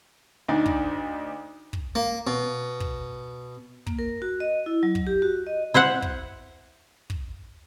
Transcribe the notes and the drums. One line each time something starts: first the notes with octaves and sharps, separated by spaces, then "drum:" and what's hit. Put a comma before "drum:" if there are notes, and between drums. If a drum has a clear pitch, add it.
D2 D4 D#4
drum: kick
drum: kick
A#3
B2
drum: kick
A#3, drum: kick
A#4
F#4
D#5
E4
F#3
drum: kick
G4
F#4
D#5
E4 C5 E5 F#5
drum: kick
drum: kick